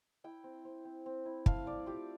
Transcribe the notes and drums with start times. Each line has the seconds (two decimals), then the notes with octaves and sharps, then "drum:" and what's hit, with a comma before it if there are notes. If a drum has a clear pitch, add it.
0.24 E4 G5
0.44 C4
0.65 C4
0.85 C4
1.06 C4
1.26 E4
1.46 A3 F5, drum: kick
1.66 A3 D5
1.86 F4 G4